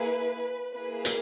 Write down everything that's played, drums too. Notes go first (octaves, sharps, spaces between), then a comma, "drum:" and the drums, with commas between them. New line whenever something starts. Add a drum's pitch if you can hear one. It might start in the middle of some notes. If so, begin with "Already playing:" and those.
Already playing: A#3 E4 G#4 B4
A#3 E4 G#4 B4
drum: hi-hat